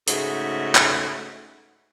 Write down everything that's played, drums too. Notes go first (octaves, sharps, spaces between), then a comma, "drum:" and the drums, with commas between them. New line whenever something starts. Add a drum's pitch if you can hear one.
G#2 C#3 A3 F#4, drum: hi-hat
drum: clap